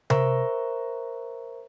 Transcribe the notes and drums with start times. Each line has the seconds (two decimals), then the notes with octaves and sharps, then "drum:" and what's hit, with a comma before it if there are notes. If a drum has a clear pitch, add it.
0.10 A#4 C5 E5 A#5 C#6, drum: tom C3